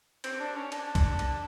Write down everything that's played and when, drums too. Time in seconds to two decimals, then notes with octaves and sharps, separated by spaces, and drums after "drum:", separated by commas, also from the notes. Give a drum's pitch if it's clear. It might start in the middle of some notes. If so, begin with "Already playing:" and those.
0.24 C4, drum: cymbal
0.40 D4
0.56 C#4
0.72 D4, drum: cymbal
0.95 drum: kick B1, cymbal
1.19 drum: cymbal